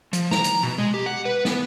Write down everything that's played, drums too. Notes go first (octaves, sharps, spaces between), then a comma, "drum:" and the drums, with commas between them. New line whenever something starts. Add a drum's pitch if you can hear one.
F3, drum: hi-hat
A#5, drum: snare
drum: hi-hat
B2
G#3
G4
F#5
B4
B3, drum: snare